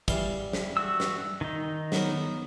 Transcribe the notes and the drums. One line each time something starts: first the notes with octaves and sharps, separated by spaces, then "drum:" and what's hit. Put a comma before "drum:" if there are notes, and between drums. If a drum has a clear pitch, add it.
E3 G3 F5, drum: kick, hi-hat
drum: snare
F#4 E6
drum: snare
D#3 D#4
F#3 B3 A#4, drum: snare